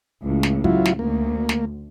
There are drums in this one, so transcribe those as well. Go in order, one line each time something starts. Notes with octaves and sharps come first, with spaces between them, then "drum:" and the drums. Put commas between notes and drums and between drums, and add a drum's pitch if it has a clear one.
C#2 A2
drum: snare
F#3 E4 F4, drum: kick
drum: snare
D2 A#3
drum: snare